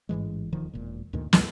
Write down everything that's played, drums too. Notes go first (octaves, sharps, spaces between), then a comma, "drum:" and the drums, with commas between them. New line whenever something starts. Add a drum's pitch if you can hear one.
A1 G#2 E3 G#3
D#1 D#3 F3
E1 A#2
D2 G2 A#2 D#3
A1 D2 A2 D#3, drum: snare